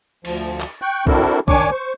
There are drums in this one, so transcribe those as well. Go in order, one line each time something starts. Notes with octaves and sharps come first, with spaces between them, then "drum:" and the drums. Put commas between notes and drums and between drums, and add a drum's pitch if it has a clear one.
D2 F3, drum: cymbal
drum: clap
G5 C#6 F#6 G6
C4 D4 E4 F#4 A4 A#4, drum: kick
D#3 D4 C#5 G#5 C#6 D6, drum: kick
C5 C#6